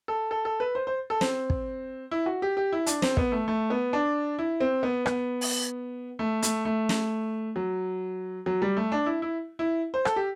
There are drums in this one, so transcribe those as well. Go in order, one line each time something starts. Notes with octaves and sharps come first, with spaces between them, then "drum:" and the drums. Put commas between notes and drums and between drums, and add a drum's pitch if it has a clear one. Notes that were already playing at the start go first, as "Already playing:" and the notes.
A4
A4
A4
B4
C5
C5
A4
C4, drum: snare
drum: kick
E4
F#4
G4
G4
E4
D4, drum: hi-hat
C4, drum: snare
B3, drum: kick
A3
A3
B3
D4
E4
C4
B3
B3, drum: rim click
drum: open hi-hat
A3
A3, drum: hi-hat
A3
drum: snare
F#3
F#3
G3
A3
D4
E4
E4
E4
C5
A4, drum: rim click
G4